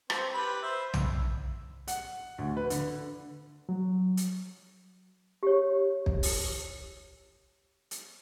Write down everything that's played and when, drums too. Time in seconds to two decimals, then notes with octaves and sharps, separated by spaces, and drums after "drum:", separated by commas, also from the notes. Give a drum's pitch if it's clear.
0.10 C4 C5, drum: rim click
0.34 G4 B4 B5
0.62 C5 E5
0.94 drum: tom
1.88 F#5, drum: hi-hat
2.38 D2
2.57 B4
2.70 D3, drum: hi-hat
3.69 F#3
4.17 drum: hi-hat
5.43 G4 C#5
6.06 drum: kick
6.23 drum: open hi-hat
7.91 drum: hi-hat